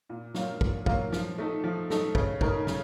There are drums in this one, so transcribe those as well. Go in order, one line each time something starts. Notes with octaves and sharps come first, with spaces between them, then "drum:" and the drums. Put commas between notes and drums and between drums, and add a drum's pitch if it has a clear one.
A#2
F#3 A#3 F4, drum: snare
A#2, drum: kick
F#3 A#3 F4, drum: kick
F3, drum: snare
A3 D#4 A4
F3
A3 D#4 A4, drum: snare
C#3, drum: kick
A3 D#4 A#4 C#5, drum: kick
C#3, drum: snare